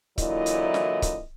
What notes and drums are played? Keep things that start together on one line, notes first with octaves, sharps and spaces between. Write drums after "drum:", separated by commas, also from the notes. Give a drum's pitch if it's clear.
A#2 D3 E3 F#3 E4 D#5, drum: kick C#1, hi-hat
drum: hi-hat
drum: snare
drum: kick C#1, hi-hat